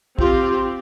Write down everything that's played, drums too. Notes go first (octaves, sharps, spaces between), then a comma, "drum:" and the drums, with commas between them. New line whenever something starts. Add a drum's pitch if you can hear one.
C4 F4 G4, drum: kick